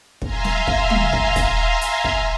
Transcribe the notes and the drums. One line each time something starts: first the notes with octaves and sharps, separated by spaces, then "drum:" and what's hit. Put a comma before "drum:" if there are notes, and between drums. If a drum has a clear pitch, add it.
E5 F5 G#5 A#5 C6, drum: kick
drum: snare
drum: kick
drum: tom
drum: kick
drum: kick, hi-hat
drum: hi-hat
drum: kick